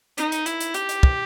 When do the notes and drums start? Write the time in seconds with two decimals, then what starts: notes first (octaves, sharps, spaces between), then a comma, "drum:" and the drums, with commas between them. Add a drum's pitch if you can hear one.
0.18 D#4, drum: hi-hat
0.32 drum: hi-hat
0.46 E4, drum: hi-hat
0.61 drum: hi-hat
0.74 G4, drum: hi-hat
0.89 drum: hi-hat
1.03 drum: kick